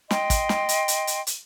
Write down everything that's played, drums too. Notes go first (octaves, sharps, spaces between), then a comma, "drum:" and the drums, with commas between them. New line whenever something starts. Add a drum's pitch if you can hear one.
D#5 G5 C6, drum: snare
drum: kick, hi-hat
drum: snare
drum: hi-hat
drum: hi-hat
drum: hi-hat
drum: hi-hat